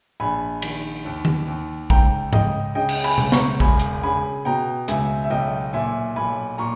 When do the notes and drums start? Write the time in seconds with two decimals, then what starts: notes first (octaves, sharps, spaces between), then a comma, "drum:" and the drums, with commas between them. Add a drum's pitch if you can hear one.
0.20 A#1 G#5 B5
0.62 D#3, drum: cymbal
1.05 D#2
1.25 drum: tom D#3
1.48 D#2
1.90 C#2 G5 A#5, drum: kick
2.33 C#2 D#5 G5, drum: tom G#2
2.75 C#3 D#5 G5
2.89 drum: cymbal
3.04 G#5 B5, drum: cymbal
3.18 C#2, drum: tom B2
3.32 A#5 C#6, drum: snare
3.60 E1 G#5 B5, drum: kick
3.80 drum: hi-hat
4.03 C#3 G#5 B5
4.45 B2 G5 A#5
4.88 C#2 E5 G#5, drum: hi-hat
5.24 E5
5.30 B1 D#5 G5
5.73 A#2 E5 G#5
6.16 B1 G#5 B5
6.58 A#2 A#5 C#6